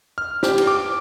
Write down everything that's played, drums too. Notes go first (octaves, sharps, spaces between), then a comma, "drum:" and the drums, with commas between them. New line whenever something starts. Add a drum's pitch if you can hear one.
F6
G4, drum: snare
drum: cymbal
D6